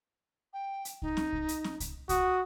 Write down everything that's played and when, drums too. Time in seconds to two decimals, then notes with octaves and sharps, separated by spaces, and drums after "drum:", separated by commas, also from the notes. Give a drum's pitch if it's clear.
0.53 G5
0.85 drum: hi-hat
1.02 D#4, drum: kick C2
1.17 drum: snare
1.33 drum: kick C2
1.48 drum: hi-hat
1.64 drum: snare
1.80 drum: kick C2, hi-hat
2.09 F#4 D#6, drum: kick C2, hi-hat